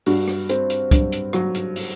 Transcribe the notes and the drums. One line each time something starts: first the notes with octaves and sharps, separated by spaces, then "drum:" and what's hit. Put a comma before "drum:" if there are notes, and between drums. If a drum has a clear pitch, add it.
G2 F#4, drum: open hi-hat
drum: rim click
C4, drum: hi-hat
drum: hi-hat
G2, drum: kick, hi-hat
drum: hi-hat
F#3, drum: rim click
drum: hi-hat
drum: open hi-hat